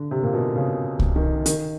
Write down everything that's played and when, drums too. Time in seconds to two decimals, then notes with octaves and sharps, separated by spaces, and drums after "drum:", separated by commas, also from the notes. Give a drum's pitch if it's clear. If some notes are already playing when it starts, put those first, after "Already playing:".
Already playing: D3
0.11 C3
0.23 A#2
0.34 B2
0.56 C#3
0.99 drum: kick C2
1.16 D#3
1.46 D#3, drum: hi-hat